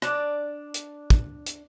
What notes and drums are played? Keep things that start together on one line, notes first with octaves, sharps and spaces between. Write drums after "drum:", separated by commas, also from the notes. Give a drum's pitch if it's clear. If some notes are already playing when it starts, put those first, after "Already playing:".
D4 D5, drum: rim click
drum: hi-hat
drum: kick
drum: hi-hat